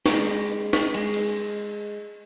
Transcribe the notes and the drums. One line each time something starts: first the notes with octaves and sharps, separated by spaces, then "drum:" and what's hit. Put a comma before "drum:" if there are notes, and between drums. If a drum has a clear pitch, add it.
G#3 G4, drum: snare
drum: snare
G#3, drum: hi-hat
drum: cymbal